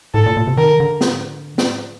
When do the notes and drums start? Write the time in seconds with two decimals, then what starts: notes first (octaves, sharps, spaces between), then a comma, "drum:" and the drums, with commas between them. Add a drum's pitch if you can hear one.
0.14 A2 A4
0.26 A#2
0.37 A#2
0.47 C3
0.57 D#3 A#4
0.80 D3
1.01 drum: snare
1.58 drum: snare